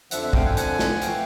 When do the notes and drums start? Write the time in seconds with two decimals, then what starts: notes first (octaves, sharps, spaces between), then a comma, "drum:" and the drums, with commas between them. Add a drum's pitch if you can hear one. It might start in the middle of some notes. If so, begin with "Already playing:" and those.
0.11 F2 D3 F3 E5 F#5, drum: hi-hat
0.22 E5 F#5
0.33 F5 G5, drum: kick
0.45 F#5 G#5
0.57 F#5 G#5, drum: hi-hat
0.79 drum: snare
1.02 E3 A3 F5 G5, drum: hi-hat